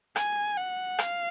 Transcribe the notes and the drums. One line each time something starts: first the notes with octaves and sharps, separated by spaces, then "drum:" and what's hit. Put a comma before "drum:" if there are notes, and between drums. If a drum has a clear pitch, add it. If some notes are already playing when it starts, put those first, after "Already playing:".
G#5, drum: rim click
F#5
F5, drum: rim click